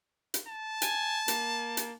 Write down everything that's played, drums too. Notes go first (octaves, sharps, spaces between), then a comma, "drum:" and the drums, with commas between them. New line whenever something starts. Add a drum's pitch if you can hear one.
drum: hi-hat
A5
G#5, drum: hi-hat
A#3, drum: hi-hat
drum: hi-hat